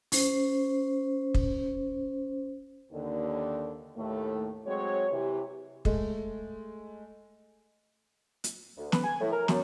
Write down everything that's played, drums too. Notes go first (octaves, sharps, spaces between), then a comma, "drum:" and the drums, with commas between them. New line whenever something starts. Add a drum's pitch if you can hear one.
C#4 C5, drum: open hi-hat
drum: kick
D#2 D3
D#2 A2 A3
F#3 G#3 C4 C#5
C3 E3 G4
G#3 A3, drum: kick
drum: hi-hat
D2
B4, drum: snare
G#5
A2
A#4
F#2, drum: snare